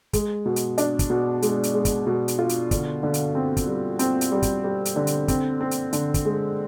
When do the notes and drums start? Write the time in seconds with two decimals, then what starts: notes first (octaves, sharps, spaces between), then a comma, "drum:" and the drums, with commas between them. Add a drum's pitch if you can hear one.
0.13 G#3, drum: kick, hi-hat
0.46 B2
0.56 drum: hi-hat
0.78 D4, drum: hi-hat
0.99 drum: kick, hi-hat
1.10 B2
1.42 G#3, drum: hi-hat
1.63 drum: hi-hat
1.74 G#3
1.85 drum: kick, hi-hat
2.07 B2
2.28 drum: hi-hat
2.39 F4
2.49 drum: hi-hat
2.71 D3, drum: kick, hi-hat
3.03 D3
3.14 drum: hi-hat
3.35 C4
3.57 drum: kick, hi-hat
3.67 G3
3.99 C4, drum: hi-hat
4.21 drum: hi-hat
4.32 G3
4.42 drum: kick, hi-hat
4.64 G3
4.85 drum: hi-hat
4.96 D3
5.07 drum: hi-hat
5.28 C4, drum: kick, hi-hat
5.61 C4
5.71 drum: hi-hat
5.93 D3, drum: hi-hat
6.14 drum: kick, hi-hat
6.25 G#3